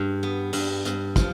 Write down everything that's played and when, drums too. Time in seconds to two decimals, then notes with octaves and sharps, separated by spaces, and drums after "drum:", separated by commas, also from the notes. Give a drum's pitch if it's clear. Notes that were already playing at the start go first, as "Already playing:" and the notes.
Already playing: G2
0.23 B3
0.53 G2, drum: open hi-hat
0.85 G2, drum: hi-hat
1.16 F3, drum: kick, hi-hat